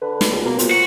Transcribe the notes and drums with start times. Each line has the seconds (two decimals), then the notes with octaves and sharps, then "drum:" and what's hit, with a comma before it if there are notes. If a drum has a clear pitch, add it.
0.02 D3 B4
0.21 drum: snare
0.31 C#2
0.45 B2 A#3
0.59 A#2 C5, drum: hi-hat
0.71 F#4